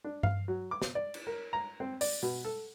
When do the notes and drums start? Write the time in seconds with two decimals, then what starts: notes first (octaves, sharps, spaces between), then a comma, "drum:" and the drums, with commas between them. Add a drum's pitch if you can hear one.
0.04 D4
0.23 F5, drum: tom G2
0.48 F#3
0.71 D6
0.82 drum: snare
0.95 D5
1.14 drum: cymbal
1.27 A#4
1.53 A#5
1.80 C4
2.01 D5, drum: open hi-hat
2.22 B2
2.45 A4